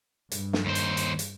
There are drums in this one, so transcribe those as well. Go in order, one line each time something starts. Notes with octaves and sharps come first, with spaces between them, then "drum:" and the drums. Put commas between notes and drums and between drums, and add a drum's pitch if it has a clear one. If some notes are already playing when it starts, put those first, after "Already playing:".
G2, drum: hi-hat
drum: snare
D#2 C5
drum: hi-hat
drum: hi-hat
drum: hi-hat